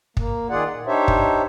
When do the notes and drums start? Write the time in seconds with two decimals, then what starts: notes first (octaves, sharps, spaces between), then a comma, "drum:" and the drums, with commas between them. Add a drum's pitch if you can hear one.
0.17 A#3, drum: kick
0.50 D#3 F4 G#4 D5 F#5
0.72 A#2
0.87 D4 D#4 G4 C5 C#5 E5
1.08 drum: kick